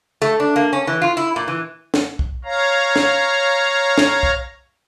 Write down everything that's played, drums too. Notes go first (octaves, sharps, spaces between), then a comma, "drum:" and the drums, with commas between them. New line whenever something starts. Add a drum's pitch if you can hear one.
A3
D4
A#3
C#4
E3
F4
E4
A#2
E3
drum: snare
drum: kick
C#5 F5 A#5
drum: snare
drum: snare
drum: kick